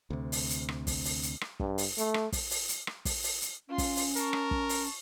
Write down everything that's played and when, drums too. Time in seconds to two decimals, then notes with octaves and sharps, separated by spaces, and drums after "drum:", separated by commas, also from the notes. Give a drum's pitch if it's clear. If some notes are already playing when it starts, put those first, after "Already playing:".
0.10 D2 C3
0.32 drum: open hi-hat
0.50 drum: hi-hat
0.69 drum: rim click
0.87 drum: kick, open hi-hat
1.05 drum: open hi-hat
1.23 drum: hi-hat
1.41 drum: rim click
1.60 G2, drum: kick
1.78 drum: open hi-hat
1.98 A3, drum: hi-hat
2.14 drum: rim click
2.32 drum: kick, open hi-hat
2.51 drum: open hi-hat
2.69 drum: hi-hat
2.87 drum: rim click
3.05 drum: kick, open hi-hat
3.24 drum: open hi-hat
3.42 drum: hi-hat
3.69 C#4 F4 C6
3.78 drum: kick, open hi-hat
3.96 drum: open hi-hat
4.16 A#4 A5 C#6, drum: hi-hat
4.33 drum: rim click
4.51 drum: kick
4.69 drum: open hi-hat